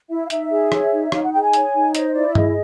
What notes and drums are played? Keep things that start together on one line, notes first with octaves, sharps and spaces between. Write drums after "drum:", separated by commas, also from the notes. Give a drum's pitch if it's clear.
E4 E5
F5
D#4 E5, drum: hi-hat
G#4
C#5, drum: rim click
D#4
D#4 F5, drum: rim click
F#5
G#4 G5
G#5
C#5, drum: hi-hat
D#4
C5 D#5, drum: hi-hat
E4 D5
E5
G#4 D#5, drum: tom G2